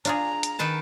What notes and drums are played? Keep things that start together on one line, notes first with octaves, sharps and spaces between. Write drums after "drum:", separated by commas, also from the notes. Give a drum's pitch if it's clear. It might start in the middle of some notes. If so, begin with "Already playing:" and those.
D4 F4 G#4 A#5, drum: hi-hat
drum: hi-hat
D#3 B4 A5